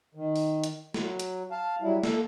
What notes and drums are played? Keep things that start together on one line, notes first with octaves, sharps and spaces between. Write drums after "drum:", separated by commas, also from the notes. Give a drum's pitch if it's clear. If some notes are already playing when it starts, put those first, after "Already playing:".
D#3
drum: open hi-hat
drum: hi-hat
F#3, drum: snare
drum: hi-hat
F5 A5
F#3 G3 E4
A#3 A4, drum: snare